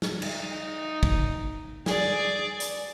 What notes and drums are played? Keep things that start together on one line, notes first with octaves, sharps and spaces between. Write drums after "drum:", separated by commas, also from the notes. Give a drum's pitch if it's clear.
drum: snare
D#4, drum: cymbal
drum: kick
G#4 D5, drum: snare
drum: hi-hat